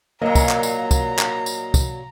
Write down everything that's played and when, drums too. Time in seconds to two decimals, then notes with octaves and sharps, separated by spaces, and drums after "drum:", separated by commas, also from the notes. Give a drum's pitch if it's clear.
0.22 A#2 F#3 A#3 D#5 A#5
0.35 drum: kick, tambourine
0.49 drum: clap
0.63 drum: tambourine
0.91 drum: kick, tambourine
1.19 drum: clap
1.46 drum: tambourine
1.74 drum: kick, tambourine